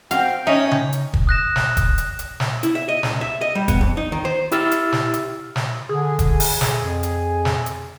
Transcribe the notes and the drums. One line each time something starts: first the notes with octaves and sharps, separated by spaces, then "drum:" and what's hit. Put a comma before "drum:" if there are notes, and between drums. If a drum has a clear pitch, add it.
C4 F#4 F5 G5, drum: hi-hat
C#4 D#4 C#5 E5
drum: tom C#3
drum: hi-hat
drum: kick
D#6 F#6 A#6 E7
drum: snare
drum: kick, hi-hat
drum: hi-hat
drum: hi-hat
drum: snare
E4, drum: hi-hat
E5
D#5
C#2, drum: snare
E5
D#5
G3
B3, drum: kick, hi-hat
F2
D#4
D#3
C5
E4 G4 E6 F6 A6, drum: hi-hat
drum: hi-hat
drum: snare
drum: hi-hat
drum: snare
D3 G#4
drum: kick, hi-hat
drum: open hi-hat
drum: snare
F2
drum: hi-hat
drum: snare
drum: hi-hat